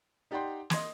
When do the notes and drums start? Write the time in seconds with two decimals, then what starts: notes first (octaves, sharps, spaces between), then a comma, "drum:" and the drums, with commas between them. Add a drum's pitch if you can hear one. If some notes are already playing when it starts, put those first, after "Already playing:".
0.31 D#4 G4 D5 F#5 G5 C6
0.70 D#5 C6 G#6, drum: snare